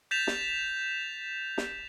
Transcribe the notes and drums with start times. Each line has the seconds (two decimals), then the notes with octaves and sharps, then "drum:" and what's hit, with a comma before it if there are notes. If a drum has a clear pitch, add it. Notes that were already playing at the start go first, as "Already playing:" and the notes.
0.11 G6 A6 B6 E7 F7
0.27 drum: snare
1.58 drum: snare